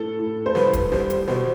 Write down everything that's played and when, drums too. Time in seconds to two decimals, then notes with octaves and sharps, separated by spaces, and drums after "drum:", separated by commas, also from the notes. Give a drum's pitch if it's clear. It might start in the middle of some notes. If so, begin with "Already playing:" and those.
Already playing: A2 A4
0.19 A2
0.46 C5
0.55 C2 B4, drum: snare
0.73 drum: kick D1, hi-hat
0.92 G3 C5, drum: snare
1.10 drum: hi-hat
1.28 B2 C5, drum: snare